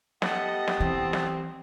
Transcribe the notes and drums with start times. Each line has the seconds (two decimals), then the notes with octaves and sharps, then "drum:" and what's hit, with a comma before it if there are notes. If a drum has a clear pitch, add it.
0.22 G3 A3 B3 D#5 F#5 A5 D#6, drum: snare
0.68 drum: snare
0.80 E3 C4
1.13 drum: snare